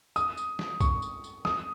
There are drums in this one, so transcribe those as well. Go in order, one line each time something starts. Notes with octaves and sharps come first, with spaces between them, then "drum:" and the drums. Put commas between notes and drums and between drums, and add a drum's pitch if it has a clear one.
D#6, drum: tambourine
drum: tambourine
drum: snare
C#6, drum: kick B1, tambourine
drum: tambourine
drum: tambourine
D#6, drum: snare